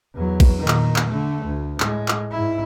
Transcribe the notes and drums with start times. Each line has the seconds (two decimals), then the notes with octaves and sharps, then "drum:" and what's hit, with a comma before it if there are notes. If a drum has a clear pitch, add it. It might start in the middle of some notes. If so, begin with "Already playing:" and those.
0.15 E2 F#3
0.40 drum: kick, cymbal
0.59 A#2 D#3
0.68 drum: clap
0.96 drum: clap
1.08 D3 A3
1.45 D2
1.80 A2 G#3, drum: clap
2.08 drum: clap
2.31 G#2 E4